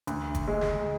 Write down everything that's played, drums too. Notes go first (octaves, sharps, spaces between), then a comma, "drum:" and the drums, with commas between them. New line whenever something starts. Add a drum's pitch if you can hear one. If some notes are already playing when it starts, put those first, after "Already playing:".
D2, drum: hi-hat
drum: kick, hi-hat
G#3
drum: snare